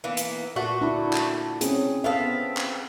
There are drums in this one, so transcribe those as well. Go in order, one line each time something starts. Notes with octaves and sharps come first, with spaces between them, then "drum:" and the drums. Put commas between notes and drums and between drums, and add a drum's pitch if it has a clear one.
E3 A#3 B3
drum: hi-hat
A#2 A3 F#4
D4 E4
drum: clap
C4 C#4 G#4, drum: hi-hat
B3 C4 A4 E5 F5
drum: clap